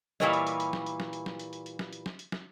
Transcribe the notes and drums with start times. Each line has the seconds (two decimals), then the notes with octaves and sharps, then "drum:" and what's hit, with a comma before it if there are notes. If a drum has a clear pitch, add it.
0.20 A#2 E3 G3 A#4 C#5 D#5, drum: snare
0.33 drum: hi-hat
0.47 drum: hi-hat
0.60 drum: hi-hat
0.73 drum: snare
0.86 drum: hi-hat
1.00 drum: snare
1.13 drum: hi-hat
1.26 drum: snare
1.39 drum: hi-hat
1.53 drum: hi-hat
1.66 drum: hi-hat
1.79 drum: snare
1.93 drum: hi-hat
2.06 drum: snare
2.19 drum: hi-hat
2.32 drum: snare